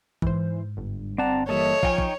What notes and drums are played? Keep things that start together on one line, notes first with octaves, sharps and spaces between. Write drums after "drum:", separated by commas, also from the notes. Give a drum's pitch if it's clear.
G#2 E3 C5, drum: kick
G1
C4 D5 F#5 A5 A#5
E3 G3 A#3 A4 C#5 D#5 E5
F3 D#4 F5 G5 G#5 C#6, drum: kick
drum: kick